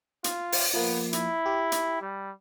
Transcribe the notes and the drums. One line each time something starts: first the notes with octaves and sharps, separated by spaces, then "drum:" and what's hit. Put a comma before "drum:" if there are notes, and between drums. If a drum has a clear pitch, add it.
F4, drum: hi-hat
drum: open hi-hat
F3 A#3 B3
E4, drum: hi-hat
G4
drum: hi-hat
G3